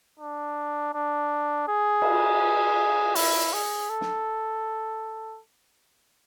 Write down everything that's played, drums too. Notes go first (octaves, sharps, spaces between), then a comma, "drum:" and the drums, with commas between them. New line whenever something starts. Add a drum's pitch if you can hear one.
D4
D4
G#4
drum: cymbal
E4, drum: open hi-hat
G#4
A4
drum: snare